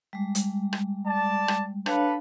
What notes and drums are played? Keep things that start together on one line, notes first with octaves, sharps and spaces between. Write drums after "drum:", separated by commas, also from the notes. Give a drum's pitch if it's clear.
G3 G#3
drum: hi-hat
drum: rim click
D5 A5
drum: rim click
D4 A4 B4 C#5 F5, drum: rim click